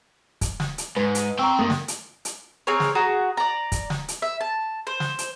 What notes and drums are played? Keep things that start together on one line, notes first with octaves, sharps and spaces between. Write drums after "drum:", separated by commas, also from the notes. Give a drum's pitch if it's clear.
drum: kick, hi-hat
drum: snare
drum: hi-hat
G#2 B4
drum: hi-hat
C4 G5 A#5 C#6 E6
G2 A3 A#3 D#6
drum: snare
drum: hi-hat
drum: hi-hat
C4 G#4 A#4 C#5
drum: snare
F#4 G#4 A#5
D5 A#5
drum: kick, hi-hat
drum: snare
drum: hi-hat
E5
A5
C5
drum: snare
drum: hi-hat